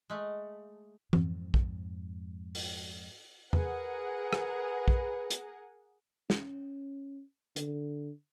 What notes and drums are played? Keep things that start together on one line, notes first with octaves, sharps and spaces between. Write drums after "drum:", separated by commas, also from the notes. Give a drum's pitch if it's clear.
G#3 A3
F2 G#2, drum: tom E3
drum: kick
drum: open hi-hat
G#4 A#4 B4 F#5, drum: tom E2
drum: rim click
drum: kick
drum: hi-hat
C#4, drum: snare
D3, drum: hi-hat